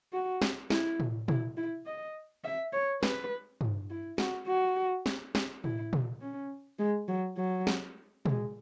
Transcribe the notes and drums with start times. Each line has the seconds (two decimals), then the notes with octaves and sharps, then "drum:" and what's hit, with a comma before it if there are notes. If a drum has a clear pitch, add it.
0.13 F#4
0.42 drum: snare
0.70 E4, drum: snare
1.00 drum: tom A2
1.28 E4, drum: tom
1.57 E4
1.86 D#5
2.45 E5
2.74 C#5
3.03 B4, drum: snare
3.61 drum: tom G2
3.90 E4
4.18 F#4, drum: snare
4.47 F#4
5.06 drum: snare
5.35 drum: snare
5.64 E4, drum: tom A2
5.93 drum: tom
6.21 C#4
6.79 G#3
7.08 F#3
7.38 F#3
7.67 drum: snare
8.25 G#3, drum: tom